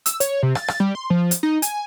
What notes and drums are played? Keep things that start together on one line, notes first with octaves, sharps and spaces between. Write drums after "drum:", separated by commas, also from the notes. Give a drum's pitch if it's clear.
E6, drum: hi-hat
C#5, drum: hi-hat
C3
A6, drum: rim click
drum: rim click
G3
C6
F3
drum: hi-hat
D#4
G#5, drum: hi-hat